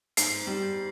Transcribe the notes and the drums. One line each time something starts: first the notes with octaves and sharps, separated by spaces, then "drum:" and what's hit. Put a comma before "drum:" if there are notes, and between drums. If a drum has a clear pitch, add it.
G#2 C7, drum: hi-hat
G3